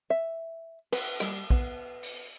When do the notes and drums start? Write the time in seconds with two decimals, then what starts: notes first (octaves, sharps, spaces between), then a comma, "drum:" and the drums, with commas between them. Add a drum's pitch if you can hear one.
0.10 E5
0.92 B4, drum: cymbal
1.20 G3, drum: rim click
1.50 B3, drum: kick A#1
2.03 drum: open hi-hat